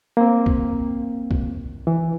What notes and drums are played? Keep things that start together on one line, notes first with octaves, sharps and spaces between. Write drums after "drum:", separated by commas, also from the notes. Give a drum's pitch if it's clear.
A#3 C4
drum: kick B1
drum: kick B1
E3